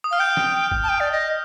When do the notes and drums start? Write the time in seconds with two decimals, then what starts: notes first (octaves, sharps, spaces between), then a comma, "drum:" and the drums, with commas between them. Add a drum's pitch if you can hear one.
0.04 D#6
0.11 F5 F6
0.19 G5 G6
0.37 drum: snare
0.71 drum: kick G1
0.83 A5
0.89 G5
1.00 D5
1.12 D#5